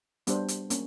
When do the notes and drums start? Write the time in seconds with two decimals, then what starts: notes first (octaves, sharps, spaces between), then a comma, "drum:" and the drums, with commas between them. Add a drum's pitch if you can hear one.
0.27 G3 B3 D4 G4 C5, drum: hi-hat
0.48 drum: hi-hat
0.70 A#3 C#4, drum: hi-hat